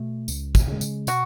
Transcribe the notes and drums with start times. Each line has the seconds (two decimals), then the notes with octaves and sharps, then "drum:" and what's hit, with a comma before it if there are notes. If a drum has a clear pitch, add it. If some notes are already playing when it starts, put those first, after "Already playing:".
Already playing: B2 A3
0.28 C#2, drum: tambourine
0.55 drum: kick, tambourine
0.68 C#3 G#3
0.81 drum: tambourine
1.07 B2 F#4, drum: tambourine